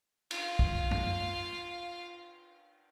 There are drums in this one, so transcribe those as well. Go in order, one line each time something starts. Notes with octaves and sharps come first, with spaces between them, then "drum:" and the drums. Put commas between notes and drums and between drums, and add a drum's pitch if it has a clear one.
F4 F5, drum: cymbal
drum: kick B1
drum: tom